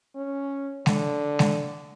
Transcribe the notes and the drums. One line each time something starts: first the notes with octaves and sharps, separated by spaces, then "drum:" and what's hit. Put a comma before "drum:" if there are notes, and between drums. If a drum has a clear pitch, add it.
C#4
D3, drum: snare G#3
drum: snare G#3